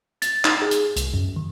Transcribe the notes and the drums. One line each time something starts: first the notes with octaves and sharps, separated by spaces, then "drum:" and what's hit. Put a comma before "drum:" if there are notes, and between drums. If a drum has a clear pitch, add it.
A6, drum: hi-hat
D#4, drum: clap
G#4
drum: hi-hat
C2, drum: hi-hat
F#2
D#3